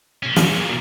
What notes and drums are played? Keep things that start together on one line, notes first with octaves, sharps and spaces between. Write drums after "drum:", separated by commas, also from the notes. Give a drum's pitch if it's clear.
A#2 C#4
drum: snare